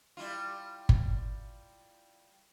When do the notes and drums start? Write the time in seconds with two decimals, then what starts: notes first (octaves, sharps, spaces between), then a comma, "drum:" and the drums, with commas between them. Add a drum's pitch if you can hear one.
0.17 G3 E4 F4
0.89 drum: kick G1